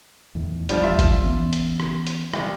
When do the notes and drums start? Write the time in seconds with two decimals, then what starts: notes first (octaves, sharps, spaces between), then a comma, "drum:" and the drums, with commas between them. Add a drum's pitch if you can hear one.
0.35 E2 A2 D#3
0.69 G1 F3 G3 D4, drum: hi-hat
0.83 D#1 F2 G#3 F4 E5
0.99 drum: kick G1, hi-hat
1.23 E3 B3 C#4
1.53 drum: hi-hat
1.80 drum: rim click
2.07 drum: hi-hat
2.33 C2, drum: rim click